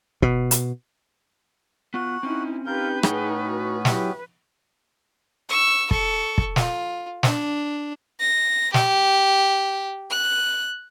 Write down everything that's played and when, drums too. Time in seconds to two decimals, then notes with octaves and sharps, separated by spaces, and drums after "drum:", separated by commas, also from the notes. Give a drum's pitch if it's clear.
0.22 B2, drum: kick
0.51 drum: hi-hat
1.94 B3 F4 F#4 F#5
2.23 C4 C#4 D#4 E4
2.66 D#4 F4 G4 A#4 B4 G6
3.03 A2 B3 C#4 G#4 G5, drum: rim click
3.44 F#4
3.85 F#3 E4 G4 B4, drum: snare
5.49 C#6 E6
5.91 A4 C#6, drum: kick
6.38 drum: kick
6.56 F4, drum: snare
7.23 D4, drum: snare
8.20 A#6
8.74 G4, drum: snare
10.11 F#6